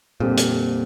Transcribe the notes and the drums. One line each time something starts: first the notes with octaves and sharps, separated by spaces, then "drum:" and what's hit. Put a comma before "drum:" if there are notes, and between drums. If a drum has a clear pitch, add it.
F2 A#2 D3 G3 C4 G4
drum: hi-hat